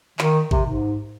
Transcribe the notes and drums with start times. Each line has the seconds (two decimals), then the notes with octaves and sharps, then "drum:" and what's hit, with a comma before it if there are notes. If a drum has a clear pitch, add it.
0.19 D#3, drum: clap
0.51 C3, drum: kick A1
0.66 G#2